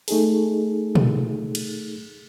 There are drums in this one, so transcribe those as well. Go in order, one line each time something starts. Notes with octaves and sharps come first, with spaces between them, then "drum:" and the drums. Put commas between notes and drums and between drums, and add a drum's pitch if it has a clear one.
A3 D#4 G#4 A4, drum: open hi-hat
drum: tom
drum: cymbal